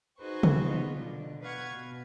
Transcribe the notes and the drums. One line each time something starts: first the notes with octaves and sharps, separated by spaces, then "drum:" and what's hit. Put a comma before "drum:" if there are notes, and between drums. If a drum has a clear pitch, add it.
D#4 F#4 G#4 B4 C5 C#6
drum: tom
B3 D#4 F4
B2 D3
B4 F5 F#5 C#6 G#6
B2